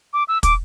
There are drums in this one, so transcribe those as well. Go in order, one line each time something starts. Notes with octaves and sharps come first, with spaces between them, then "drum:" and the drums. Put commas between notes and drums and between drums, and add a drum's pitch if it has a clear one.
D6
E6
D6, drum: kick, hi-hat